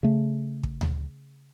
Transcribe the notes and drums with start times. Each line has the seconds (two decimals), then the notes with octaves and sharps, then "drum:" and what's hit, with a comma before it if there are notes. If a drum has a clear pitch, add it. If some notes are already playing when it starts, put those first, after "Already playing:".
0.03 C#3 A3
0.63 drum: kick
0.81 drum: tom D2